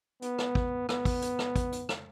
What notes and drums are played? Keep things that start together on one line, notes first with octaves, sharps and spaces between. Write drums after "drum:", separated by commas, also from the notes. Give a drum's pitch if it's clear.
B3, drum: hi-hat
drum: rim click
drum: kick
B3, drum: rim click
drum: kick, open hi-hat
drum: hi-hat
drum: rim click
drum: kick, hi-hat
drum: hi-hat
drum: rim click